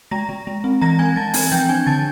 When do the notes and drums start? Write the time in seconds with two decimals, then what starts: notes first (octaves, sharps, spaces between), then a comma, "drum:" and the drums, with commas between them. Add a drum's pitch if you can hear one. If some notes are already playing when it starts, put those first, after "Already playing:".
0.11 G#3 A#5 A#6
0.29 G#3
0.47 G#3
0.64 C4
0.81 E3 A#5 A#6
0.99 C4 G#5 G#6
1.16 E3 A5 A6
1.34 C4 G#5 G#6, drum: open hi-hat
1.52 F3 G5 G6
1.69 D4 G#5 G#6
1.86 D3 A5 A6